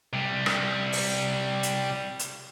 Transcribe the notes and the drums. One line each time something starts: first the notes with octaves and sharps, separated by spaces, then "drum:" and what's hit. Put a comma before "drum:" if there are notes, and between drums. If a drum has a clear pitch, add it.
C3 G3
drum: rim click
drum: open hi-hat
drum: hi-hat
drum: hi-hat